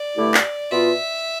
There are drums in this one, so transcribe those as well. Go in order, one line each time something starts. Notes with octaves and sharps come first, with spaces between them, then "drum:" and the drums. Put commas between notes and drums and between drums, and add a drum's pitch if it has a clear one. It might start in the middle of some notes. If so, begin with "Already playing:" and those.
Already playing: D5
G2 D3 A3 E4 G4
drum: clap
B2 B3 F4 E5